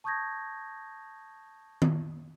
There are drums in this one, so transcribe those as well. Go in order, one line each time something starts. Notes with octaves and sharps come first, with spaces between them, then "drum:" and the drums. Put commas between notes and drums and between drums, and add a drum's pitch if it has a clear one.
A5 C#6 D#6 G6 G#6 A#6
drum: tom D#3